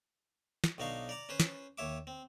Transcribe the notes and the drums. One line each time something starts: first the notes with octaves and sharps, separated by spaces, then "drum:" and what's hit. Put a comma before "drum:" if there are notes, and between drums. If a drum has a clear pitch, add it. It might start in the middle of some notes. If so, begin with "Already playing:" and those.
drum: snare
B1 B2 D4 D#4 F5 C#6
D5 A#5 D6
C#4 B4 C5
drum: snare
D#2 C#5 E5 D6
C4